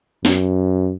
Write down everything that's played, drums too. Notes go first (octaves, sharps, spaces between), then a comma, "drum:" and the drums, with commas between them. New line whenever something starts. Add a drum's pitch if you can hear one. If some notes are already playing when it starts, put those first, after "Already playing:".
F#2, drum: snare